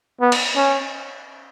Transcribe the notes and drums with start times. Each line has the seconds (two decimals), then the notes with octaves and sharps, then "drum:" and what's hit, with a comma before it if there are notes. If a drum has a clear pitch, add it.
0.21 B3
0.32 drum: cymbal
0.56 C#4